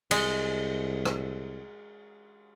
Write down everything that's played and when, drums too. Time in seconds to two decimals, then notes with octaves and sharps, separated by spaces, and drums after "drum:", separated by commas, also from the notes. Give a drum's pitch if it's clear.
0.11 C2 G#3, drum: cymbal
1.05 drum: rim click